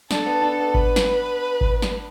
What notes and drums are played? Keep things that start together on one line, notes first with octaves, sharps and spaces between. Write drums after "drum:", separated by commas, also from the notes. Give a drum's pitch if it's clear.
D4 A4, drum: snare
B3
D4
B3
B4, drum: kick G#1
drum: snare
drum: kick G#1
drum: snare